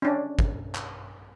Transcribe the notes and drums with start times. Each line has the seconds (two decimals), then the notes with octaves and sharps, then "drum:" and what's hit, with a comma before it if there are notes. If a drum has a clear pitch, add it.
0.02 C#4 D4
0.39 drum: kick
0.75 drum: clap